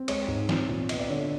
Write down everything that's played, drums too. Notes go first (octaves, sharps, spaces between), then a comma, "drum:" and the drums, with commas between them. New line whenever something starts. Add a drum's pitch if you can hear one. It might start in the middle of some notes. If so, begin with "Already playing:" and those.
Already playing: C4
G#3 C#5, drum: cymbal
G#2
C4, drum: snare
A#2
B3 D#5, drum: cymbal
D5
D3 C#5
D5